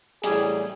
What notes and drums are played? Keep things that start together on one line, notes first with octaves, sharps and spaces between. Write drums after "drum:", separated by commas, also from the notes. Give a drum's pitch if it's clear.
A2 E3 G3 G#4, drum: hi-hat